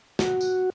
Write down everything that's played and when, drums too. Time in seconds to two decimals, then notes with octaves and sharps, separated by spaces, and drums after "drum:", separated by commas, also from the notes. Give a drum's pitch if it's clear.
0.19 F#4, drum: snare
0.41 drum: tambourine